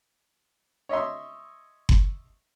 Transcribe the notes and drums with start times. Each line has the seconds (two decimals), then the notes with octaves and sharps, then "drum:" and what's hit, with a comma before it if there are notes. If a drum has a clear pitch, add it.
0.89 C#5 D#5 E5 C6
1.89 drum: kick F#1